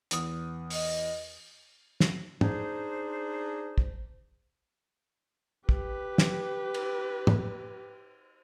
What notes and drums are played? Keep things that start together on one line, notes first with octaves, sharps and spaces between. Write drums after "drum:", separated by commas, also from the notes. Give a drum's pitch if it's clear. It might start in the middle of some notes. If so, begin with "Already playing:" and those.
E2 D#6, drum: hi-hat
D#5, drum: open hi-hat
drum: snare
D4 D#4 G#4 C5, drum: tom
drum: kick
G4 B4, drum: kick
drum: snare
drum: cymbal
drum: tom